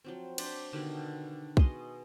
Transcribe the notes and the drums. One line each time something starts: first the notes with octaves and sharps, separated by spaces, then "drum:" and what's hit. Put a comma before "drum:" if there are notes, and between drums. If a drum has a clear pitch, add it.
F3 F#3 C4
D4 C5 D5 E5, drum: cymbal
B2 D3 D#3 G4
B2 G#4 D#5 C6, drum: kick B1